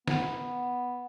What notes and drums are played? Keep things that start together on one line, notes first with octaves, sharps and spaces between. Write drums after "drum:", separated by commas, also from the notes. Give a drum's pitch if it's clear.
B3, drum: snare